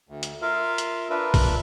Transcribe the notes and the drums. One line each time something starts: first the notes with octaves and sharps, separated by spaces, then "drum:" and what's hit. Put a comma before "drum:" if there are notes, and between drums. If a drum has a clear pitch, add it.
D2
drum: hi-hat
F4 A#4 E5 F5
drum: hi-hat
D4 F4 A#4 B4 E5
drum: kick, open hi-hat